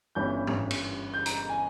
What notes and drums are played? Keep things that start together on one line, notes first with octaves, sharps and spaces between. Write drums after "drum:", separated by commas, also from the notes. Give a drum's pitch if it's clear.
G1 G2 E3 G3 C#4 G6
drum: tom G#2
drum: cymbal
G6
A#5, drum: hi-hat
A#5
G#5